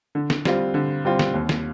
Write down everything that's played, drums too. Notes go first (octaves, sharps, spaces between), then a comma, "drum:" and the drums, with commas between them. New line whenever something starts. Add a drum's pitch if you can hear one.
D3
drum: snare
G3 C4 F4, drum: snare
D3
G3 C4 F4
drum: snare
D#2
drum: snare